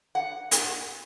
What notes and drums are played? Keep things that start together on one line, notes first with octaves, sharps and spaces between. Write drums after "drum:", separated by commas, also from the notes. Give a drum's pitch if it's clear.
F#5
drum: hi-hat